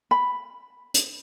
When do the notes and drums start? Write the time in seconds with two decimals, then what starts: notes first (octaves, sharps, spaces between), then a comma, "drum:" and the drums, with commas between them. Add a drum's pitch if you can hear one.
0.11 B5
0.94 drum: hi-hat